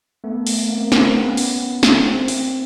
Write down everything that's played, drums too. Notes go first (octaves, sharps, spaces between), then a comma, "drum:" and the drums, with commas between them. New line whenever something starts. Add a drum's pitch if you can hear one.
A3 B3
drum: open hi-hat
A#3 C4
A#3 C4, drum: snare
B3 C#4
drum: open hi-hat
drum: snare
A#3 C4
drum: open hi-hat